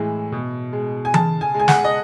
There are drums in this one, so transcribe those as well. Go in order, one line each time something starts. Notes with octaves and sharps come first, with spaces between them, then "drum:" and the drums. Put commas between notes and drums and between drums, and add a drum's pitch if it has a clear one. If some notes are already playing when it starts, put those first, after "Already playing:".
Already playing: A2 E3 G#3
B2
G#3
G#5
C#3 A5, drum: tom E3
G#5
G#3
G#5
F#5, drum: snare
D#5